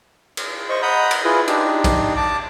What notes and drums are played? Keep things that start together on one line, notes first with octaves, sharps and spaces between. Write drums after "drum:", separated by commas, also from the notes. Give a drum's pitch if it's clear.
drum: cymbal
C5 D#5 C#6
D#5 F#5 A#5 B5 D#6 G6
drum: cymbal
E4 F4 G#4 B4
D4 D#4 G4, drum: cymbal
drum: kick A#1, cymbal
A5 D6